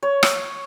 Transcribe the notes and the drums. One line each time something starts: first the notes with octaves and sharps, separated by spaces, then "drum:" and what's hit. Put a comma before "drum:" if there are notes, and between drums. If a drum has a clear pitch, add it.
C#5
drum: rim click